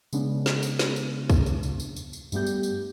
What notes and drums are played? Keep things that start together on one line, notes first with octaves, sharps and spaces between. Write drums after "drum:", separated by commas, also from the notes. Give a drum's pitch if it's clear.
C#3 G#3 B3 C#4 D4, drum: tambourine
drum: snare
drum: tambourine
drum: snare
drum: tambourine
drum: kick, tambourine
drum: tambourine
drum: tambourine
drum: tambourine
drum: tambourine
drum: tambourine
G2 G3 A3 B3 G4 G6, drum: tambourine
drum: tambourine
drum: tambourine